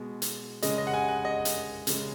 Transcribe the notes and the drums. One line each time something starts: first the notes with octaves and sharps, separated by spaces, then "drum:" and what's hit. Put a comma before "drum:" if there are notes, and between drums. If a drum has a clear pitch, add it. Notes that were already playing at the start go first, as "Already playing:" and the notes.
Already playing: B2 G#3
drum: hi-hat
C#3 G#3 D#5, drum: hi-hat
D#5
F#5
G#5
F#5
D#5
drum: hi-hat
C#3 G#3, drum: hi-hat